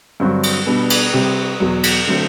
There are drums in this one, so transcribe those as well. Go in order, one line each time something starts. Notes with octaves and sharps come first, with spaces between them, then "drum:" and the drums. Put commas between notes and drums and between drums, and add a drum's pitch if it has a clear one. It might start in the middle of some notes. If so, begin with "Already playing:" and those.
G2 D3 F#3 C4 F#4
drum: cymbal
B2 G3 B3 D4
drum: cymbal
C3 G3 C4 G4
E2 B2 F#3
drum: cymbal
D3 F#3 A3 C4